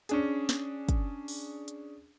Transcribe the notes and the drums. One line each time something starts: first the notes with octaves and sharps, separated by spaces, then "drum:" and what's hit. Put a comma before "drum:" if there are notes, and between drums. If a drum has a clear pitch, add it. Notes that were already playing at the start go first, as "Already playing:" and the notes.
C#4 D4 G#4, drum: hi-hat
drum: snare
drum: kick, hi-hat
drum: open hi-hat
drum: hi-hat